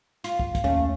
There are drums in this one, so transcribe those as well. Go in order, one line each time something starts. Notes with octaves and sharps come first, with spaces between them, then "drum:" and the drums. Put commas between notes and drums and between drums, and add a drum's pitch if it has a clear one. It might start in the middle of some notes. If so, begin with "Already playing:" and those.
F4, drum: hi-hat
drum: kick
drum: kick, hi-hat
D#2 A3 C#4 F5